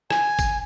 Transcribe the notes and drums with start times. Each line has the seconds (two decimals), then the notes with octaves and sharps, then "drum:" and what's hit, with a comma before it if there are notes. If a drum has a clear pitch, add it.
0.10 G#5, drum: rim click
0.39 drum: kick, tambourine